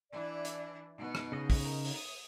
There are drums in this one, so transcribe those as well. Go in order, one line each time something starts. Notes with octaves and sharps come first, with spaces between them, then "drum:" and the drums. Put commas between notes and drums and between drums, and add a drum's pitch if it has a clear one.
E3 D4 E4 D5
drum: hi-hat
B2 B3 D#4
drum: rim click
C#3 D#5
drum: kick, open hi-hat
A#4
drum: open hi-hat
D#6